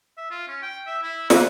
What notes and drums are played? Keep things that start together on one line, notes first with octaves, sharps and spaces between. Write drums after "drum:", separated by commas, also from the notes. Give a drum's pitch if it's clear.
E5
F4
C#4
G5
E5
E4
B4, drum: snare